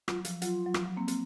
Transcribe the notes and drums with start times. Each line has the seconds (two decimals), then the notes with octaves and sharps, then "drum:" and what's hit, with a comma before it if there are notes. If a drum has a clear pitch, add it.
0.08 F#3 F4, drum: rim click
0.25 F3, drum: hi-hat
0.42 F#3 F4, drum: hi-hat
0.66 F#3
0.74 F3, drum: rim click
0.86 F#3
0.97 A#3 C4
1.08 A#3 C4, drum: hi-hat